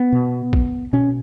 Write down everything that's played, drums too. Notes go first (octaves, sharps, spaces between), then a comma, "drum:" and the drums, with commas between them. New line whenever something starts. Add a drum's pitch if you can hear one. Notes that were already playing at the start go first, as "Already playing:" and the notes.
Already playing: B3
B2
drum: kick A#1
B2 C#4